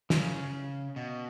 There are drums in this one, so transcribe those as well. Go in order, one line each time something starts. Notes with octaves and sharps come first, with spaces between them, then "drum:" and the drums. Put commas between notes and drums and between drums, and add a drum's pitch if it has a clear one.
C#3, drum: snare
B2